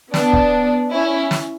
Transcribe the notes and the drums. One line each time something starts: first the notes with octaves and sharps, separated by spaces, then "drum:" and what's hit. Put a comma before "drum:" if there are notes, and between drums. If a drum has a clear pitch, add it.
B3 D4, drum: snare
drum: kick
C#4 E4
drum: snare